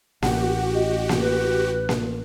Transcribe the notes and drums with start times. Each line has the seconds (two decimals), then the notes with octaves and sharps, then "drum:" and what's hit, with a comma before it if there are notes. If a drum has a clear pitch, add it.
0.22 A1 F#4 G4 F#5, drum: snare A#3
0.75 D#5
1.09 drum: snare A#3
1.22 B4
1.89 drum: snare A#3